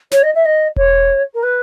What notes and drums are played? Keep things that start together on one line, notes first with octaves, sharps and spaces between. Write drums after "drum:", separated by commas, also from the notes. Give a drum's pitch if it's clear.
C#5, drum: snare
D#5
E5
D#5
C#5, drum: kick E1
A#4
B4